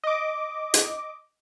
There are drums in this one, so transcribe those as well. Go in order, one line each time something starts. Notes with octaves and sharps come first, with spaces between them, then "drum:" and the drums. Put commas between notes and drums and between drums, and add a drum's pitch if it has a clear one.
D#5 D6
drum: hi-hat